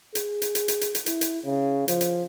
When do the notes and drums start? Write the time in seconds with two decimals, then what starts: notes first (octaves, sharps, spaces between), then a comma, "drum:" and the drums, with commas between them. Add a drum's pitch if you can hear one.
0.15 G#4, drum: hi-hat
0.42 drum: hi-hat
0.55 drum: hi-hat
0.68 drum: hi-hat
0.81 drum: hi-hat
0.95 drum: hi-hat
1.06 E4, drum: hi-hat
1.21 drum: hi-hat
1.45 C#3
1.88 F3, drum: hi-hat
2.01 drum: hi-hat